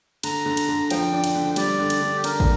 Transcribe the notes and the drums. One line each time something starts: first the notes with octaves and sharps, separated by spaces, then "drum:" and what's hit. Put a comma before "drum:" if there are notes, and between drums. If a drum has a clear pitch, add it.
D3 A#5, drum: cymbal
D3
drum: cymbal
D3
F3 G5, drum: cymbal
D4
drum: cymbal
D3
G3 D5, drum: cymbal
D3
drum: cymbal
D3
G4
D4 A#4, drum: cymbal
drum: kick